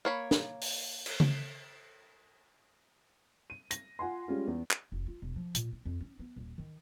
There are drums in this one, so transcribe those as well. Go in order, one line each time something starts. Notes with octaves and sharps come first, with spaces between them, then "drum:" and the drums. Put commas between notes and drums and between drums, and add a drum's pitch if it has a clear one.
A#3 C#5 B5
drum: snare
drum: open hi-hat
drum: cymbal
drum: tom C#3
D#7
A#6, drum: hi-hat
F4 F#5 G#5 C6
G3 G#3 C#4 F4
E2
drum: clap
F1
F4
E1
F3
A#2, drum: hi-hat
E4
F2
C#4
B3
D#1
D#3